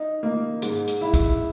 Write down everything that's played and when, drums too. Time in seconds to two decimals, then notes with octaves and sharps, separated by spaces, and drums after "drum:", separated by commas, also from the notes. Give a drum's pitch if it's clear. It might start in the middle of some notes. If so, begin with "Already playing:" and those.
Already playing: D#4
0.23 A#3
0.62 G#2, drum: hi-hat
0.88 drum: hi-hat
1.01 E4
1.14 drum: kick, hi-hat